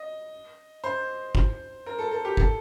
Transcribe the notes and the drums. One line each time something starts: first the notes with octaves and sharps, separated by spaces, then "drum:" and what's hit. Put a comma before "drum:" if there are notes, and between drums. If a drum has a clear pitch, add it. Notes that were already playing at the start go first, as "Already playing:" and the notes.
Already playing: D#5
C5
drum: kick
A#4
A4
A4
G4
A4, drum: kick